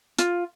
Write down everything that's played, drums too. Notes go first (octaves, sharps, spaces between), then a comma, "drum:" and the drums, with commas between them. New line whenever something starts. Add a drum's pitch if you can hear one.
F4, drum: hi-hat